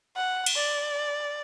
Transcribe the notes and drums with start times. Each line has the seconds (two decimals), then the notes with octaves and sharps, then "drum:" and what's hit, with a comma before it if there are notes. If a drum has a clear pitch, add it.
0.16 F#5
0.46 drum: cymbal
0.56 D5